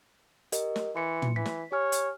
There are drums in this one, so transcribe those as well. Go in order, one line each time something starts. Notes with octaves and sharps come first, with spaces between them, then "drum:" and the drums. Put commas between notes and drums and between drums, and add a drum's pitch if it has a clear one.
G4 A#4 D#5, drum: hi-hat
drum: snare
E3 C6 C#7
drum: tom
E3 B6
drum: snare
G4 C#5 G#5 F6
drum: hi-hat